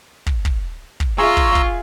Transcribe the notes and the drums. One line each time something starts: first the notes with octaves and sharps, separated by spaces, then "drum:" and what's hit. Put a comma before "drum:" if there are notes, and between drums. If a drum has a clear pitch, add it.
drum: kick
drum: kick
drum: kick
F4 G#4 E5 A#5 C6 C#6 E6
drum: kick
drum: kick